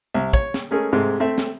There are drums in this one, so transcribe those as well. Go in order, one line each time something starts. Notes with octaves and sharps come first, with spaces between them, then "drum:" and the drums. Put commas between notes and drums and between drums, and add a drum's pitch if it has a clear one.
C2
C#5, drum: kick
drum: snare
G#3 A3 C#4 G#4 A#4
G#2 C3 G#3 A3
A3 C4 E5
drum: snare